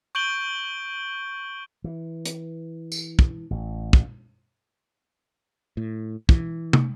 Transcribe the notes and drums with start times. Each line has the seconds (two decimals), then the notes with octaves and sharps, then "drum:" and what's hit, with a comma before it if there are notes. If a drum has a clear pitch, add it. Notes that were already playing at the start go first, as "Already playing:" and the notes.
0.15 C#6 G6 D7 F#7 G7
1.84 E3
2.25 drum: hi-hat
2.92 drum: tambourine
3.19 drum: kick
3.51 A1
3.93 drum: kick
5.77 A2
6.29 E3, drum: kick
6.73 drum: tom